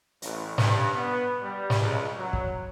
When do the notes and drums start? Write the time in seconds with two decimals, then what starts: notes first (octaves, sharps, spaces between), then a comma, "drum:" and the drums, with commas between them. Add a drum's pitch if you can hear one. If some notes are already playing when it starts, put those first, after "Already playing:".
0.22 A1, drum: hi-hat
0.58 G2, drum: snare
0.94 B3
1.42 G3
1.70 drum: snare
1.80 C#2
2.17 F#3
2.33 drum: kick